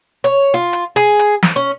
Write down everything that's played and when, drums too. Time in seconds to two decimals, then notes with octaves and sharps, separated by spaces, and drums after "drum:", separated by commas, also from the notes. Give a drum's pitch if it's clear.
0.24 C#5, drum: hi-hat
0.54 F4
0.73 drum: hi-hat
0.96 G#4, drum: hi-hat
1.19 drum: hi-hat
1.43 drum: snare
1.56 C#4